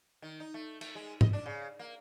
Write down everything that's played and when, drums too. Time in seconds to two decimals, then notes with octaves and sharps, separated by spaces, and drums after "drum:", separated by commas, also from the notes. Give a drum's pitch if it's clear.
0.22 D#3
0.40 D#4
0.54 A3
0.81 A3, drum: cymbal
0.95 G#3
1.21 D#5, drum: tom G#2
1.33 D4
1.46 C#3
1.79 A#3